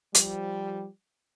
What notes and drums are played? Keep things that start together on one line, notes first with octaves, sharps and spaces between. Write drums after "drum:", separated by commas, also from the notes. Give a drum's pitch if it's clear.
F3 G3, drum: hi-hat